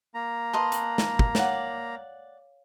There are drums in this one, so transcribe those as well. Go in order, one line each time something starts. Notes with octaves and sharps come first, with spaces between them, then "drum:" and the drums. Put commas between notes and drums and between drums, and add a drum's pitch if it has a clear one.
A#3 A#5
B4 D#5 A5 C6
drum: hi-hat
drum: snare
drum: kick
C#5 D5 F5 F#5, drum: snare